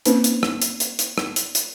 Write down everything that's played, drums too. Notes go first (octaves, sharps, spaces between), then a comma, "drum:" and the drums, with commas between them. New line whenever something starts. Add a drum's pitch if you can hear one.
A#3 C4 C#4 D#4 B4 C5, drum: hi-hat
drum: hi-hat
drum: rim click
drum: hi-hat
drum: hi-hat
drum: hi-hat
drum: rim click
drum: hi-hat
drum: hi-hat